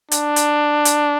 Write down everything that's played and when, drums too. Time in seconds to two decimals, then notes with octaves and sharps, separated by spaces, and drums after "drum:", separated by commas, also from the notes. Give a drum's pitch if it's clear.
0.11 D4, drum: hi-hat
0.36 drum: hi-hat
0.85 drum: hi-hat